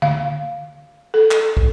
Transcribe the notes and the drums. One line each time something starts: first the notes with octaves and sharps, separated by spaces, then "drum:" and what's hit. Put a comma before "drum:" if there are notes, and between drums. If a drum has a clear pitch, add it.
F5, drum: tom D3
A4
drum: clap
drum: kick